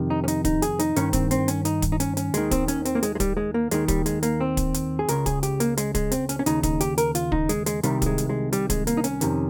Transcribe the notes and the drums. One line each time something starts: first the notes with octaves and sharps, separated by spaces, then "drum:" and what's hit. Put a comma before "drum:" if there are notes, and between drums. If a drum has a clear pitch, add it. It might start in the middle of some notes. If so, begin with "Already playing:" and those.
Already playing: F2 C3 D#3
D#4
C#4
D#4, drum: hi-hat
D#4, drum: kick, hi-hat
G#4, drum: hi-hat
D#4, drum: hi-hat
G2 D#3 C#4, drum: hi-hat
C4, drum: kick, hi-hat
C4, drum: hi-hat
C#4, drum: hi-hat
D#4, drum: hi-hat
drum: kick, hi-hat
D#4
C#4, drum: hi-hat
C#4, drum: hi-hat
D#2 D#3 G#3, drum: hi-hat
C4, drum: kick, hi-hat
C#4, drum: hi-hat
C4, drum: hi-hat
A#3
G#3, drum: hi-hat
G#3
G3, drum: kick, hi-hat
G#3
A#3
D#2 D#3 G#3, drum: hi-hat
G3, drum: kick, hi-hat
G#3, drum: hi-hat
A#3, drum: hi-hat
C4
drum: kick, hi-hat
drum: hi-hat
G#4
C#2 C#3 A#4, drum: hi-hat
G#4, drum: kick, hi-hat
G4, drum: hi-hat
A#3, drum: hi-hat
G#3, drum: hi-hat
G#3, drum: kick, hi-hat
C4, drum: hi-hat
C#4, drum: hi-hat
C#4
D#2 C#3 D#4, drum: hi-hat
D#4, drum: kick, hi-hat
G4, drum: hi-hat
A#4, drum: hi-hat
F4, drum: hi-hat
D#4, drum: kick
G#3, drum: hi-hat
G#3, drum: hi-hat
C2 C3 D#3 G3, drum: hi-hat
G3, drum: kick, hi-hat
G#3
drum: hi-hat
G#3
G3, drum: hi-hat
G#3, drum: kick, hi-hat
A#3, drum: hi-hat
D#4
C#4, drum: hi-hat
F2 C3 D#3, drum: hi-hat